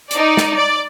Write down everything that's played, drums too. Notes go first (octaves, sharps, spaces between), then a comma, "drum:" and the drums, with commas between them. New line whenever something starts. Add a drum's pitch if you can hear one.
D#4 D5, drum: hi-hat
drum: snare
D5